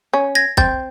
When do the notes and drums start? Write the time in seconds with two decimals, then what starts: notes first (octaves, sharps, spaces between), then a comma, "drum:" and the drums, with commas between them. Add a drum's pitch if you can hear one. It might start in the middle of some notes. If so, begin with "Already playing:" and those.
0.13 C#4
0.35 G#6 A#6
0.57 C4 G6 A6, drum: kick